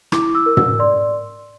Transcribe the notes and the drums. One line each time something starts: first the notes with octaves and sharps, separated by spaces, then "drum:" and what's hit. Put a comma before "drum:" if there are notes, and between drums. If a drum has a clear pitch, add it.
E4 D6, drum: rim click
E6
A#4
E6, drum: tom
D5 C6